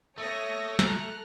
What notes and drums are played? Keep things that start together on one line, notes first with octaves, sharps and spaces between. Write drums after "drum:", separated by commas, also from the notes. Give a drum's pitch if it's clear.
A3 C#5 D#6 A#6
A4 A#5 F6 F#6, drum: snare